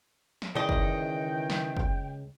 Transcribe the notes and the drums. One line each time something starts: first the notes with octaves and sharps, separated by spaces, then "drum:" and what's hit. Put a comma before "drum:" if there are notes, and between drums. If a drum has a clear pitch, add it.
drum: snare
C#2 D#3 E3 D5 D#5 G5
drum: kick
drum: snare
drum: kick